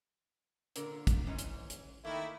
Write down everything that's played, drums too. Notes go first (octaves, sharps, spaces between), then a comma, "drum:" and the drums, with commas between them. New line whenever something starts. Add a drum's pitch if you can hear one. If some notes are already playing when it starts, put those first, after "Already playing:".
A#2 D3 A#4, drum: hi-hat
drum: kick, hi-hat
G#2 E3 C#4
drum: hi-hat
drum: hi-hat
D#3 A3 A#3 E4